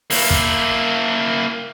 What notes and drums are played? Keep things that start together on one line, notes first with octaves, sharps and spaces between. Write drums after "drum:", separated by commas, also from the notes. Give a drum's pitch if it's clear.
A#3 E4, drum: open hi-hat
drum: kick